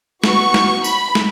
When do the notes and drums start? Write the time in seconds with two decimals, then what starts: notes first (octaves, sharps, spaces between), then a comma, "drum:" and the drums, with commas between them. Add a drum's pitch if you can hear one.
0.24 B3 F#4 C#6, drum: snare
0.54 drum: snare
0.84 B5, drum: tambourine
1.15 drum: snare